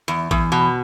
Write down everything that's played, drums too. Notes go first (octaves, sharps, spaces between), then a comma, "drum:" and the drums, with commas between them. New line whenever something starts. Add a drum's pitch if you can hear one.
E2
E2, drum: kick A1
B2